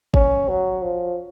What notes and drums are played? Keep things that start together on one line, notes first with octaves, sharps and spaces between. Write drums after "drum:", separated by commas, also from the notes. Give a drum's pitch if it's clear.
C#4, drum: kick G1
F#3
F3